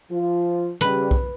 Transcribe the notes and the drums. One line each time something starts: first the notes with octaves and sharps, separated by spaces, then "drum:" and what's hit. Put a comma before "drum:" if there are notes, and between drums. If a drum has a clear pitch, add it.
F3 F4
C#3 G3 B4
drum: kick B1